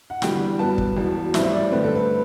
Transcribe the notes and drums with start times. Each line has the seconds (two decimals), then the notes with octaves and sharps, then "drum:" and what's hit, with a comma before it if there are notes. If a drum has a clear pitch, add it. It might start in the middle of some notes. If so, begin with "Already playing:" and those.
0.10 F#5
0.22 E2 D3 G3 G5, drum: snare
0.59 G2 F#3 B3 A5
0.78 drum: kick
0.97 E1 E2 B2
1.34 A1 A2 G3 C4 E5, drum: snare
1.44 E5
1.53 D5
1.72 G2 D3 A3 C4 B4
1.84 A4
1.95 B4